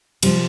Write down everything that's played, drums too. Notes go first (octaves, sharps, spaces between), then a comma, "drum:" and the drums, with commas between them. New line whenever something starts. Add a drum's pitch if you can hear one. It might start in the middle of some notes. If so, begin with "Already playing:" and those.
C3 F3 G3, drum: cymbal